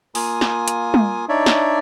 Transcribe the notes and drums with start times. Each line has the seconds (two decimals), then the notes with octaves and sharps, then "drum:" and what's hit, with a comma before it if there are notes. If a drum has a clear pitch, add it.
0.15 A#3 F4 G#5 D#6, drum: open hi-hat
0.41 drum: snare
0.68 drum: hi-hat
0.94 drum: tom
1.29 D4 D#4 C#5 D5 E5
1.46 drum: snare